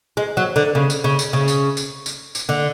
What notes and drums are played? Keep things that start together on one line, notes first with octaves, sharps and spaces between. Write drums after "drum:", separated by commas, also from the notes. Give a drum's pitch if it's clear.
G#3
F#3
D3
C#3
drum: tambourine
C#3
drum: tambourine
C#3
drum: tambourine
drum: tambourine
drum: tambourine
drum: tambourine
D3